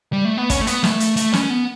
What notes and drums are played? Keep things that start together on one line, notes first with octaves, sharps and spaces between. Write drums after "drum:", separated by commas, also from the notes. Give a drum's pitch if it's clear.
G3
A3
B3
C#4, drum: kick, hi-hat
A3
B3, drum: hi-hat
A3, drum: snare
drum: hi-hat
A3, drum: hi-hat
C#4, drum: snare
B3